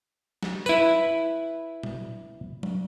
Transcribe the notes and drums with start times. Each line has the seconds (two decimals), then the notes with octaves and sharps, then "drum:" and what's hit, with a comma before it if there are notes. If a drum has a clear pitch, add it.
0.43 drum: snare
0.66 E4 B4, drum: tambourine
1.83 drum: tom
2.63 drum: tom F#3